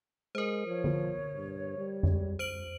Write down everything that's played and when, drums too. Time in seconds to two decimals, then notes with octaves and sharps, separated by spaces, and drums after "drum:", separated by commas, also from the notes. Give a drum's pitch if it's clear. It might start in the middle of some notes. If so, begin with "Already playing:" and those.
0.35 G#3 A#4 C5
0.66 F3 C#5
0.84 drum: tom D3
1.35 G2
1.78 G3
2.03 drum: tom F2
2.39 C5 D7 F#7